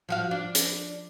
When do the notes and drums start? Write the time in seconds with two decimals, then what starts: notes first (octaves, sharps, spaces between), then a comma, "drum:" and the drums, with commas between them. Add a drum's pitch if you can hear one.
0.09 F3 F#4 F5
0.31 D4
0.55 drum: hi-hat